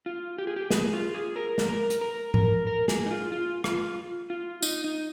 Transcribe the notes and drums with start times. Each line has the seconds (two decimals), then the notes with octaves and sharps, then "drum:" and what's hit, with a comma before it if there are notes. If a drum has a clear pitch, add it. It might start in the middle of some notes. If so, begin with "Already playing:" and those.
0.06 F4
0.38 G4
0.47 G#4
0.56 G4
0.71 G#4, drum: snare
0.93 F4
1.14 G#4
1.36 A#4
1.58 drum: snare
1.69 A#4
1.90 drum: hi-hat
2.01 A#4
2.34 A#4, drum: tom A2
2.67 A#4
2.88 G#4, drum: snare
3.06 D#4
3.11 F4
3.32 F4
3.64 F4, drum: rim click
4.30 F4
4.62 D#4, drum: tambourine
4.84 D#4